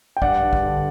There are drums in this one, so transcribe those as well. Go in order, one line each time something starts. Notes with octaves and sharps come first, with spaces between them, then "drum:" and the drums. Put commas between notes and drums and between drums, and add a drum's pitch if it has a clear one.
G5
G2 D5 F#5, drum: kick
G2
drum: kick
D3